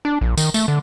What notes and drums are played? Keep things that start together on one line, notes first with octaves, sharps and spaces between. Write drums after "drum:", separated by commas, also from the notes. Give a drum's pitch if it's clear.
D4
A#1
D#3, drum: tambourine
A3, drum: tambourine
D3